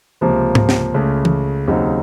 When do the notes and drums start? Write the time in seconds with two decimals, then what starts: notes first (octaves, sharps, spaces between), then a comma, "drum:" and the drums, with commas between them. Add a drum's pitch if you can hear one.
0.21 C#2 C3 F3 A#3
0.55 drum: tom
0.69 drum: snare
0.94 C#2 C#3 A3
1.25 drum: tom E3
1.68 D#2 C#3 F#3 C4 D#4